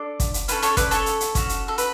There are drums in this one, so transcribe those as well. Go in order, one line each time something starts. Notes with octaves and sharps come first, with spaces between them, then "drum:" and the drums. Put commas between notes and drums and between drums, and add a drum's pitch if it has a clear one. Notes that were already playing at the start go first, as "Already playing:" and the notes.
Already playing: D4 A4 D5
drum: kick, hi-hat
drum: hi-hat
C#4 E4 A4 B4, drum: hi-hat
A4 C#5, drum: hi-hat
B4 D5, drum: kick, hi-hat
A4 C#5, drum: hi-hat
drum: hi-hat
drum: hi-hat
C#4 F#4 A4, drum: kick, hi-hat
drum: hi-hat
A4
B4, drum: hi-hat